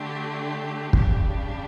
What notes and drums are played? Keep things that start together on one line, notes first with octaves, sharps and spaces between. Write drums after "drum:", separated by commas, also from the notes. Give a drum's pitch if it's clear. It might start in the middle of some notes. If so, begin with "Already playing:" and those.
Already playing: D3 A3 D4 G4
C#3 G3 D4 G4, drum: kick